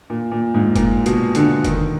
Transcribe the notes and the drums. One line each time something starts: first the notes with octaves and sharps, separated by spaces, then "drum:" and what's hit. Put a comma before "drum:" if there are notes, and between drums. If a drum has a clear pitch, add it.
A#2
A#2
G#2
A#2, drum: kick F#1, hi-hat
B2, drum: hi-hat
D3, drum: hi-hat
D#3, drum: kick F#1, hi-hat